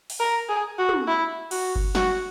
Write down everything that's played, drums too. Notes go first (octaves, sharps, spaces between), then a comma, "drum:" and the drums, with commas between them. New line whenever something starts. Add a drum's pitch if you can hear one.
drum: open hi-hat
A#4
G#4
F#4
drum: tom
E4
F#4, drum: cymbal
drum: kick G1
F#4, drum: snare